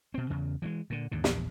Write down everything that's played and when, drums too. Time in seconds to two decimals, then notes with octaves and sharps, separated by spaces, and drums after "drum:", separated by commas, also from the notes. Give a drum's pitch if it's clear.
0.14 B2 C4
0.30 E2 C#3
0.62 E3 F3 G#3
0.90 A#2 D3
1.11 D#2 G#2 D3
1.24 A#1 E2, drum: snare